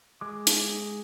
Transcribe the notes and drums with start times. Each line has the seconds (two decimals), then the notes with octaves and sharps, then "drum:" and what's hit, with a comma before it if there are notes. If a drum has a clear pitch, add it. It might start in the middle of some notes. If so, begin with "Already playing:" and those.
0.21 G#3 D6
0.47 drum: hi-hat